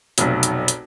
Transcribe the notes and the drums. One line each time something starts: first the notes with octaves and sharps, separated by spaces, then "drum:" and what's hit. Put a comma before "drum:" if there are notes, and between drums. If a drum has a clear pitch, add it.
F1 B1, drum: hi-hat
drum: hi-hat
drum: hi-hat